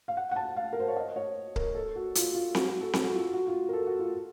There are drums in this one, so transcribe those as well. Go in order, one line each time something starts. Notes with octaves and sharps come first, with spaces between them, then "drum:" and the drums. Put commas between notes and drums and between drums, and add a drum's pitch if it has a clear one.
F5
F#5
F#5
A5
F5
A#4
C5
C#5
D#5
C#5
A#4, drum: kick C#1
A4
F#4
F4, drum: hi-hat
F4
F#4, drum: snare C4
F#4
A4
A4, drum: snare C4
F#4
F4
F#4
F4
A#4
A4
F#4
F4